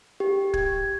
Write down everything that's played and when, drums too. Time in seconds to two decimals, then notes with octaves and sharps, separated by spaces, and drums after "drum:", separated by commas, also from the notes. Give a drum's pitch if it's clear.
0.20 G4
0.54 G#6, drum: kick